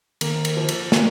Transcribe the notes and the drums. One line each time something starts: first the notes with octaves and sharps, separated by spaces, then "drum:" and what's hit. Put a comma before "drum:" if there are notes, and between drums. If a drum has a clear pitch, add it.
D#3 A#3, drum: cymbal
drum: cymbal
F3
drum: cymbal
A#3, drum: snare